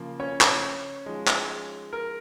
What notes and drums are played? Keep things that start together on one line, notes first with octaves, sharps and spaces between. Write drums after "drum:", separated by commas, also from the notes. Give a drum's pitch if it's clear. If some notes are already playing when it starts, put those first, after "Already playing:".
Already playing: C#3 F3 A#3
C#4 C#5
drum: clap
F3 G#3 D#4
drum: clap
A#4